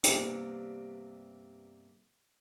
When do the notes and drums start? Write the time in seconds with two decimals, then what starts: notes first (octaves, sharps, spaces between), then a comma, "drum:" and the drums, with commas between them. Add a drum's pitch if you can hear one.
0.04 C2 G2 C3 A#3 B3, drum: hi-hat